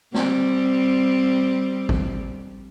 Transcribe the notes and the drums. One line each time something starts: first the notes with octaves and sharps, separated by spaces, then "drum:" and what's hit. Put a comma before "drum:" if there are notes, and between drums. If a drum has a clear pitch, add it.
G3 C4, drum: snare
drum: kick G#1